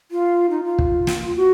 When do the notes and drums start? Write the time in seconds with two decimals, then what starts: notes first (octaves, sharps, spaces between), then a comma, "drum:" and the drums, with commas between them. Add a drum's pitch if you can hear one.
0.11 F4
0.50 D#4
0.64 F4
0.79 drum: kick
1.07 drum: snare
1.36 F#4